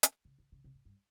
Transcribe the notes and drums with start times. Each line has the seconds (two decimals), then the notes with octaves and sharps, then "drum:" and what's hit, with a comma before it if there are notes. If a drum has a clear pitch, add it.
0.03 drum: hi-hat
0.25 C#3
0.39 D3
0.52 C#3
0.64 C3
0.75 A2
0.85 G2